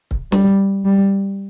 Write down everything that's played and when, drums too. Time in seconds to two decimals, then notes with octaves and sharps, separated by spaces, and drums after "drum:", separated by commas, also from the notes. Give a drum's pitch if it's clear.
0.11 drum: kick C#1
0.32 G3, drum: snare
0.85 G3